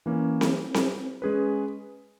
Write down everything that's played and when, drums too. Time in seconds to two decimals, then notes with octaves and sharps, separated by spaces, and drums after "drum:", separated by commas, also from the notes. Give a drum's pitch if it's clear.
0.06 E3 A#3 C#4
0.41 drum: snare C4
0.74 drum: snare C4
1.22 G#3 C#4 G#4 B4